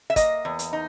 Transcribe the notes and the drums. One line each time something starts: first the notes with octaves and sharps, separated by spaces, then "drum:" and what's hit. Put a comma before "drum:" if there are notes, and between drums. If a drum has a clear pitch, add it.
E5
A#3 D#5, drum: kick, hi-hat
E2
drum: hi-hat
D#4